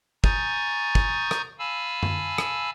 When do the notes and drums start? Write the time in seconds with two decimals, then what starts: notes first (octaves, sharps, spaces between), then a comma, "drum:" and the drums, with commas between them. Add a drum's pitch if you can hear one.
0.24 G#5 A#5 C#6 D#6 G6 A6, drum: kick
0.95 drum: kick
1.31 drum: rim click
1.59 F5 G#5 A5 B5 E6
2.03 drum: tom F#2
2.38 drum: rim click